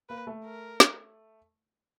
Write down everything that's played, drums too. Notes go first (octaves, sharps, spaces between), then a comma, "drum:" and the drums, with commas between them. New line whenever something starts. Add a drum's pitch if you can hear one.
A#3 B4
A3
A#4
drum: snare